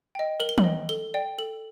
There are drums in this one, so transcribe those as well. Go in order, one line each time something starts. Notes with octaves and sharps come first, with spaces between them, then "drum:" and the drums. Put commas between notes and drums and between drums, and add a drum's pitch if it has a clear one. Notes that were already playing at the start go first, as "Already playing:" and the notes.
D#5 G5
A#4 F#7
G7
F#7, drum: tom
D#5 G5
A4 G7
D5 G5
A4 F#7